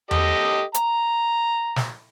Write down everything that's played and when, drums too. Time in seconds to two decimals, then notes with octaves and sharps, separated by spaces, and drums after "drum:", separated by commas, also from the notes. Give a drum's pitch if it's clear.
0.11 G4 A4 D#5, drum: tom E2
0.74 A#5, drum: hi-hat
1.76 drum: snare